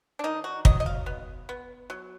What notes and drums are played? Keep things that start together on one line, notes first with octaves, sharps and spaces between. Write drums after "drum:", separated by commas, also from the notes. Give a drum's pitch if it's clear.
D4
D#3 D#4
F#4
F#3 D#5, drum: kick
D#5
F5
B3
B3
F#3